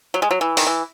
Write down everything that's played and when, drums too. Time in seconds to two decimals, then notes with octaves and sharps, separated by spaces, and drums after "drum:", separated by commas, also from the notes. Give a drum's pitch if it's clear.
0.14 F#3
0.22 G#3
0.31 F#3
0.41 E3
0.57 D#3, drum: open hi-hat
0.67 E3